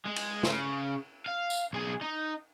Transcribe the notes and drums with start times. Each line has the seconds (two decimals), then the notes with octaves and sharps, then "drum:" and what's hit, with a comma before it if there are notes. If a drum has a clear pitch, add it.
0.06 G#3
0.16 drum: cymbal
0.43 C#3, drum: snare
1.26 F5
1.50 drum: tambourine
1.73 B1 G#4
2.01 D#4